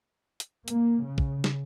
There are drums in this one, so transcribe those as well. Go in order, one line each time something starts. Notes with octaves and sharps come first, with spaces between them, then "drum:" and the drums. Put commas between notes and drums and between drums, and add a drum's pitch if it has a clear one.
drum: hi-hat
A#3, drum: hi-hat
C#3
drum: kick
drum: snare